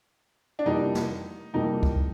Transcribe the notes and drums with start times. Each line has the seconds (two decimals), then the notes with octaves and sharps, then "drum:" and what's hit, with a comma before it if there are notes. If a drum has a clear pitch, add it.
0.59 D4
0.66 F2 C3 E3 G3 A#3 D#4
0.95 drum: snare
1.54 F2 C3 E3 G3 A#3 D#4
1.83 drum: kick